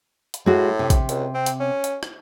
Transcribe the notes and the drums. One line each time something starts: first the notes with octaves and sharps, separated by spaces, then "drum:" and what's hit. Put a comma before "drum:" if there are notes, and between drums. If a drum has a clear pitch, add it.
drum: hi-hat
A2 G#3 F#4
C3
drum: kick, hi-hat
C#2, drum: hi-hat
C4
drum: hi-hat
C#4
drum: hi-hat
drum: rim click